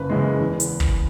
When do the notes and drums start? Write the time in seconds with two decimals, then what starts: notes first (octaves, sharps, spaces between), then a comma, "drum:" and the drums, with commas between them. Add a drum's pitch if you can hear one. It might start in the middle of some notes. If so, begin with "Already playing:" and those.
Already playing: F#1 B4
0.10 F#2 C#3 E3 G#3
0.39 E2
0.60 drum: hi-hat
0.80 drum: kick